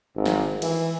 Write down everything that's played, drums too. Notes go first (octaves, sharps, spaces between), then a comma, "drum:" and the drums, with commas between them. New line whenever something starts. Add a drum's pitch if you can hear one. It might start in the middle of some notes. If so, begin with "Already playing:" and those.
G#1
drum: snare
E3, drum: cymbal